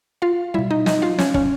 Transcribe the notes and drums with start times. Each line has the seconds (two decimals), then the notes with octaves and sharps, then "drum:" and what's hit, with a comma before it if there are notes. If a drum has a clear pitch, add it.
0.22 F4 F5
0.54 B2 G3 E4 E5
0.71 D#4 D#5
0.86 D#4 D#5, drum: snare
1.02 F4 F5
1.19 C#4 C#5, drum: snare
1.34 C#4 C#5, drum: kick